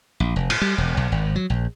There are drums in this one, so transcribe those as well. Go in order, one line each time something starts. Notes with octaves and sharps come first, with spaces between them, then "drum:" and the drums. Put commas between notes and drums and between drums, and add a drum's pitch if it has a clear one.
A#1
F1
A2, drum: cymbal
G3
E1
B1
G#1
F#3
A#1